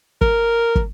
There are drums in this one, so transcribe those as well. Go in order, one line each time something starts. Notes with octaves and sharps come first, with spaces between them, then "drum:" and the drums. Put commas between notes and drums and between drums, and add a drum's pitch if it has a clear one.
A#4, drum: kick
drum: kick